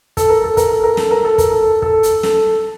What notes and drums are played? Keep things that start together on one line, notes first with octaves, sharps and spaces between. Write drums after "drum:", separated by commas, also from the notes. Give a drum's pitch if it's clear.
A4, drum: kick, hi-hat
A#4
A4
A#4, drum: kick, hi-hat
A4
A#4
A4, drum: snare
A#4
A4
A#4, drum: kick, hi-hat
A4
A4, drum: kick
drum: hi-hat
A4, drum: snare